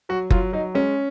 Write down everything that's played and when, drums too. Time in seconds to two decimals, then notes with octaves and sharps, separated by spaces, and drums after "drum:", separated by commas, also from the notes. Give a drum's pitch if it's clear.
0.09 F#3 F#4
0.30 F#3 F4, drum: kick F#1
0.53 F#3 D#4
0.75 G#3 C#4